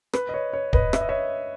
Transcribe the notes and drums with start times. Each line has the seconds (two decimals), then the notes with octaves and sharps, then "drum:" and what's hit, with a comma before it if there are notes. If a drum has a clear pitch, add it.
0.13 B4, drum: rim click
0.29 D#5
0.34 C#5
0.53 C#5
0.73 B4 D#5, drum: kick
0.93 E5, drum: rim click
1.01 D#5
1.09 C#5 E5